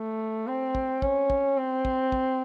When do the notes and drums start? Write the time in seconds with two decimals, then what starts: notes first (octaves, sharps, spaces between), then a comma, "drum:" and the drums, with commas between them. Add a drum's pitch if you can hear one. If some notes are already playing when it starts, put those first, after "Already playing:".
Already playing: A3
0.47 C4
0.75 drum: kick
1.02 C#4, drum: kick
1.30 drum: kick
1.57 C4
1.85 drum: kick
2.12 drum: kick